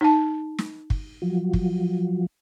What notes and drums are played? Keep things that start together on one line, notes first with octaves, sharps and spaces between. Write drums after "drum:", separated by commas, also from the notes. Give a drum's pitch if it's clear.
D#4 A5
drum: snare
drum: kick
F3 F#3
drum: kick